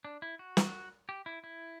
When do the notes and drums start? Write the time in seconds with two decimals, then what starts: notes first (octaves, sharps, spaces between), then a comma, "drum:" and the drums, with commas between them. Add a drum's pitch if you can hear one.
0.05 D4
0.22 E4
0.39 F#4
0.57 drum: snare
1.09 G4
1.26 E4
1.44 E4